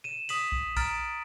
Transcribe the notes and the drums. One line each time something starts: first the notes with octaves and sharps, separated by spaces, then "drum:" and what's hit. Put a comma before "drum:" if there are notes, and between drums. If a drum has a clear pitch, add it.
D#7 E7
D#6 B6 F#7, drum: open hi-hat
drum: kick A#1
A#5 F6 A6 D7, drum: kick A#1, open hi-hat